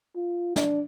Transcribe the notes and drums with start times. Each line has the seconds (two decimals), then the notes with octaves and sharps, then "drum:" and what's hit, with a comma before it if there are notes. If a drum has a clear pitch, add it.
0.16 F4
0.56 D4, drum: snare